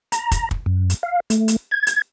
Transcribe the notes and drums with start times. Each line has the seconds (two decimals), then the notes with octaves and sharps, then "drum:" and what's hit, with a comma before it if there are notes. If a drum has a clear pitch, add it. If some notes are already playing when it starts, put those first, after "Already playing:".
0.12 A#5, drum: hi-hat
0.31 drum: kick, hi-hat
0.51 drum: kick
0.66 F#2
0.90 drum: hi-hat
1.03 F5
1.30 A3, drum: hi-hat
1.48 drum: hi-hat
1.71 G#6
1.87 drum: hi-hat